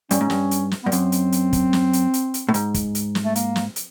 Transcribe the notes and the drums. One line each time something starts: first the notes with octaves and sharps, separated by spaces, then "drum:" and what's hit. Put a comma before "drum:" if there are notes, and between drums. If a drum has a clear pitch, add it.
G2 C#4, drum: hi-hat
G#2
G2, drum: snare
drum: hi-hat
drum: snare
G2 B3
F#2 C4, drum: hi-hat
drum: hi-hat
drum: hi-hat
drum: kick, hi-hat
drum: snare
drum: hi-hat
drum: hi-hat
drum: hi-hat
A2
G#2, drum: hi-hat
drum: kick, hi-hat
drum: hi-hat
drum: snare
A3
A#3, drum: hi-hat
drum: snare
drum: hi-hat